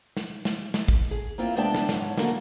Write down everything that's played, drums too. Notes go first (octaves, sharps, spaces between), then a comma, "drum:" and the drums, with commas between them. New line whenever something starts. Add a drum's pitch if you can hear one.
drum: snare
drum: snare
drum: snare
drum: kick
G#4
A#3 C4 E4 F4
C3 G#3 B3 D4 G5 A5
drum: snare
G#2 C#5, drum: snare
D3 A#3 D#4 F#4, drum: snare